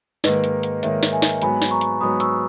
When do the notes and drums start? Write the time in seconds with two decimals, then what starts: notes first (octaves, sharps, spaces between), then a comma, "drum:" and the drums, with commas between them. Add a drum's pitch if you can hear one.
0.24 G#2 D#3 A#3 B4 D#5, drum: snare
0.44 drum: hi-hat
0.63 drum: hi-hat
0.83 G#2 D#3 A#3 C#5 E5, drum: hi-hat
1.03 drum: snare
1.13 E5 G#5
1.22 drum: snare
1.42 G#2 F#3 B3 G#5 B5, drum: hi-hat
1.62 drum: snare
1.71 A#5 C#6
1.81 drum: hi-hat
2.01 G#2 F#3 B3 B5 D#6
2.20 C#6 E6, drum: hi-hat